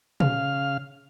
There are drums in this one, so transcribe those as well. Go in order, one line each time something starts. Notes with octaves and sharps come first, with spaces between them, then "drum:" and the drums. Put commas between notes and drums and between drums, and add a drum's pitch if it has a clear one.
C#3 F5 F6, drum: tom